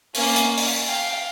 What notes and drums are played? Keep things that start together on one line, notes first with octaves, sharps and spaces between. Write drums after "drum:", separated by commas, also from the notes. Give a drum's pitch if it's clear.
A#3 C#4, drum: open hi-hat
drum: hi-hat
drum: open hi-hat
F5 G5